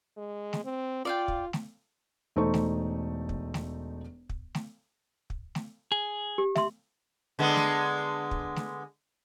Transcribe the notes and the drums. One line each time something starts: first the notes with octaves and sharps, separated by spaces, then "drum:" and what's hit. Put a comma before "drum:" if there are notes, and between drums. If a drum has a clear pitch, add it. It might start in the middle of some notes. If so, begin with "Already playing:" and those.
G#3
drum: snare A3
C4
F4 D5 F5 G5
drum: kick
drum: snare A3
E1 A3 D#4 C5 C#6
drum: snare A3
drum: kick
drum: snare A3
drum: kick
drum: snare A3
drum: kick
drum: snare A3
G#4
G4
E5 C6, drum: snare A3
D3 G#3 B3
drum: snare A3
drum: kick
drum: snare A3